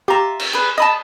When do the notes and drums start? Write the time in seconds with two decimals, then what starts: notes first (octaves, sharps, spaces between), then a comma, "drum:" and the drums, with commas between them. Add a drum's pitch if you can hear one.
0.08 F4 G4 E5 A#5
0.39 drum: cymbal
0.53 G#4 B4
0.78 D#5 A5 B5 D#6